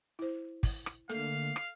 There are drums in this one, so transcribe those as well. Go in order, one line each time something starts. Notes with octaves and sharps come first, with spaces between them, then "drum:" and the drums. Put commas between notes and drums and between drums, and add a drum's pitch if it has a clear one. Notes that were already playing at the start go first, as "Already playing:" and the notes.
E4 C5
drum: kick, open hi-hat
drum: rim click
D3 A3 A#3 A4 F5, drum: hi-hat
drum: rim click